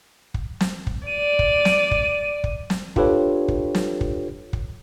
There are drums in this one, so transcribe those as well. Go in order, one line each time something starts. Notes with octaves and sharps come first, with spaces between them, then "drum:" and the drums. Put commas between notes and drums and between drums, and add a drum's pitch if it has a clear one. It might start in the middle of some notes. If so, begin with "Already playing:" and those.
drum: kick
drum: snare
drum: kick
D5 D#7
drum: kick
drum: snare
drum: kick
drum: kick
drum: snare
D4 F4 G4 A4 B4 C#5, drum: kick
drum: kick
drum: snare
drum: kick
drum: kick